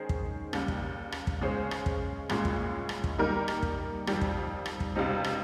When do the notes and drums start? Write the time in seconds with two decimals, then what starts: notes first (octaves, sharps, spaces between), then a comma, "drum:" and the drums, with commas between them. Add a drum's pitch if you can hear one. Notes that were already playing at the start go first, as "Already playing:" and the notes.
Already playing: D#3 G#3 C#4 G#4 C5
0.09 drum: kick
0.53 D#2 C#3 G3, drum: rim click
0.68 drum: kick
1.12 drum: rim click
1.27 drum: kick
1.41 C#3 G#3 C#4 G#4 C5
1.71 drum: rim click
1.86 drum: kick
2.30 C2 A#2 G#3 C#4, drum: rim click
2.45 drum: kick
2.89 drum: rim click
3.04 drum: kick
3.18 D#3 G3 A#3 D#4 A#4
3.48 drum: rim click
3.63 drum: kick
4.07 F2 D#3 G3, drum: rim click
4.21 drum: kick
4.66 drum: rim click
4.80 drum: kick
4.95 C#2 C3 G3 C4 D#4
5.24 drum: rim click